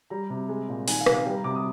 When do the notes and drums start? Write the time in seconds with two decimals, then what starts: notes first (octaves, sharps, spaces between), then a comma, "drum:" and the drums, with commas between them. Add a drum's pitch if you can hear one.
0.10 G3 A#5
0.30 C3
0.49 G#3
0.69 A#2
0.88 D#3 G#5, drum: open hi-hat
1.01 F5
1.06 C3, drum: rim click
1.13 F5
1.26 G3 G5
1.35 A#5
1.44 C3 D6
1.55 D#6